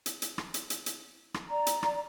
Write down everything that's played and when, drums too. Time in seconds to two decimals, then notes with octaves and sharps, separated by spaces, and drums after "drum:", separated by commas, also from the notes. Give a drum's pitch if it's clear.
0.06 drum: hi-hat
0.22 drum: hi-hat
0.38 drum: rim click
0.54 drum: hi-hat
0.70 drum: hi-hat
0.86 drum: hi-hat
1.34 drum: rim click
1.50 D5 A#5
1.67 drum: hi-hat
1.83 drum: rim click